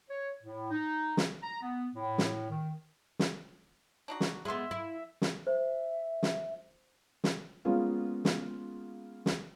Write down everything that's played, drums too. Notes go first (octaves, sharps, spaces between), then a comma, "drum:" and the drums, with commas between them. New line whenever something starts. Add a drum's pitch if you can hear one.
C#5
A2
D#4
drum: snare
A#5
B3
A2
drum: snare
D#3
drum: snare
D4 D#4 F#4
drum: snare
G#3 B3 E5 B5 C6
E4
drum: snare
C5 E5
drum: snare
drum: snare
G#3 A#3 B3 C#4 F4
drum: snare
drum: snare